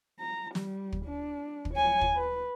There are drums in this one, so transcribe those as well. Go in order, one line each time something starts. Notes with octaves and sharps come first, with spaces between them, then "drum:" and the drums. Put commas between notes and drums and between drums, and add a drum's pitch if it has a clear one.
A#5
G3, drum: snare
drum: kick
D4
drum: kick
C#5 G#5
drum: kick
B4